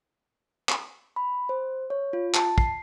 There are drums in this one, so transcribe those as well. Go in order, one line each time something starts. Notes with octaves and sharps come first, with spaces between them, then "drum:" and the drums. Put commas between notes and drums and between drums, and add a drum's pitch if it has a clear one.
drum: clap
B5
C5
C#5
F4
A5, drum: clap
C7, drum: kick